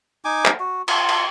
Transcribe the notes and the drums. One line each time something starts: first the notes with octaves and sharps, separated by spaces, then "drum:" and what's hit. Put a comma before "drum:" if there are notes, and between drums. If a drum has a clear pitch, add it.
D#4 G#5 D6
drum: clap
F#4
F4, drum: cymbal
drum: cymbal